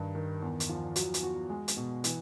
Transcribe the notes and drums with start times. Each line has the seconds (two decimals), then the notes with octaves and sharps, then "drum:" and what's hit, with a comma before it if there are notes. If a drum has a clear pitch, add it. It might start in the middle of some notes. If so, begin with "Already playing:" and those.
Already playing: G2 D#3
0.15 D#3
0.42 E2
0.60 drum: hi-hat
0.69 F3
0.96 F#3, drum: hi-hat
1.14 drum: hi-hat
1.23 F#4
1.49 G#3
1.68 drum: hi-hat
1.77 B2
2.04 E3, drum: hi-hat